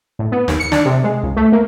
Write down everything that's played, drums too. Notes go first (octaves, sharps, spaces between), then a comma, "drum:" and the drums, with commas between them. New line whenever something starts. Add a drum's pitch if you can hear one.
A2
B3
D#2, drum: snare
C#7
D4, drum: snare
C3
G#3
C#2
A3
A#3